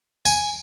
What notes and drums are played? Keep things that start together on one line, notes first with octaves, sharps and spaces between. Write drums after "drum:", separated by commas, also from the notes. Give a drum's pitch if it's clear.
G#5, drum: tambourine